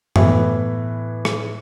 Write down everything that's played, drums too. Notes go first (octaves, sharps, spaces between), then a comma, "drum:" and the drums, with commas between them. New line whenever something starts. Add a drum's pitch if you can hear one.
A2 E3 B3, drum: tom F#2
drum: rim click